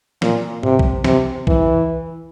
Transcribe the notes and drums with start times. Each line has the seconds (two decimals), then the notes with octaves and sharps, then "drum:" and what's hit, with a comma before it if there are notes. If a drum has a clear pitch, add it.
0.22 A#2, drum: snare
0.63 C3, drum: tom G#2
0.79 drum: kick B1
1.04 C3, drum: snare
1.47 E3, drum: kick B1